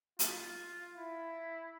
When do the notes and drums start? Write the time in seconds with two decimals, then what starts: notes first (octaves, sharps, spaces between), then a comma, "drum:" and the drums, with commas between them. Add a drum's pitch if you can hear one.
0.19 F4, drum: hi-hat
0.95 E4